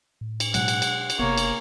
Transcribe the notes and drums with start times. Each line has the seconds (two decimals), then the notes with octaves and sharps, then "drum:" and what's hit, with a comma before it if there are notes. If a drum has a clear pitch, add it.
0.21 A2
0.40 drum: cymbal
0.54 B2 F#3 G#3 F#5, drum: cymbal
0.68 drum: cymbal
0.82 drum: cymbal
1.10 drum: cymbal
1.19 F#1 C3 A#3 B3 C#5
1.38 drum: cymbal